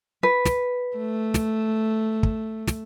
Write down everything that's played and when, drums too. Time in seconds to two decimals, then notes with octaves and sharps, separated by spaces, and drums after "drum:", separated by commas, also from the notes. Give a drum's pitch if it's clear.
0.23 B4
0.45 drum: snare
0.97 A3
1.34 drum: snare
2.23 drum: kick
2.67 drum: snare